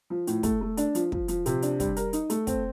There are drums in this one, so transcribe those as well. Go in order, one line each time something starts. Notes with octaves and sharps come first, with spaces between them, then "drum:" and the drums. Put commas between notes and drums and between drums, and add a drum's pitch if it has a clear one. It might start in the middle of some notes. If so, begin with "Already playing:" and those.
F3
A2, drum: hi-hat
A3, drum: kick, hi-hat
A3
D4, drum: hi-hat
F3, drum: hi-hat
F3, drum: kick
F3, drum: hi-hat
C3, drum: hi-hat
D4, drum: hi-hat
G3, drum: kick, hi-hat
A#4, drum: hi-hat
D#4, drum: hi-hat
A3, drum: hi-hat
C4, drum: kick, hi-hat